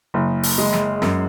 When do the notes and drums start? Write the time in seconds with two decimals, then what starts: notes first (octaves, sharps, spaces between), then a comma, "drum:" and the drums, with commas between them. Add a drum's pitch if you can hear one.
0.14 F#1
0.43 drum: open hi-hat
0.58 G#3
0.73 drum: snare
1.02 F#2, drum: snare